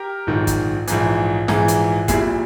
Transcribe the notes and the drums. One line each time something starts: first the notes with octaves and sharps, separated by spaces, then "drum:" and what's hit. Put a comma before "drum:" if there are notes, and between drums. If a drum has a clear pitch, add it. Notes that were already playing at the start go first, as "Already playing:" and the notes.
Already playing: G4 A#4
A#1 G#2 D#3
drum: kick, hi-hat
A#1 G#2 E3, drum: hi-hat
A#1 G#2 E3 G#3, drum: snare
drum: hi-hat
A#1 A#2 G3 E4 G#4, drum: kick, hi-hat